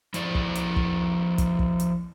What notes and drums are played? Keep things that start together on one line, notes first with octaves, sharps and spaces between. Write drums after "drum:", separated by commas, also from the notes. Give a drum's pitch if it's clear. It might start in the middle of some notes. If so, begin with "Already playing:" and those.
F3 E4 C5 D5, drum: hi-hat
drum: kick
drum: hi-hat
drum: kick
drum: kick, hi-hat
drum: kick
drum: hi-hat